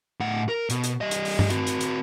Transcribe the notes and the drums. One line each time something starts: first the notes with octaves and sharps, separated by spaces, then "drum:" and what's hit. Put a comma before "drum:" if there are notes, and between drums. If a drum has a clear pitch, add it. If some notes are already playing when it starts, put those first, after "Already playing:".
A2 F#5
A#4
B2, drum: hi-hat
drum: hi-hat
G3 D#5
drum: hi-hat
drum: open hi-hat
drum: tom G2
C4 F#4, drum: hi-hat
drum: hi-hat
drum: hi-hat